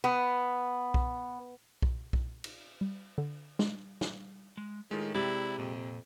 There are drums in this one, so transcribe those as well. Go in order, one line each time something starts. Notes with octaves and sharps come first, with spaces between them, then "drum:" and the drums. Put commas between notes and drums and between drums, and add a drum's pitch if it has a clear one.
B3
drum: kick B1
drum: kick B1
drum: kick B1
drum: cymbal
G3
D3
G#3, drum: snare
drum: snare
G#3
A2 D#3 G#3 F4
C3 G#3 E4 G4 D5
F2 A#2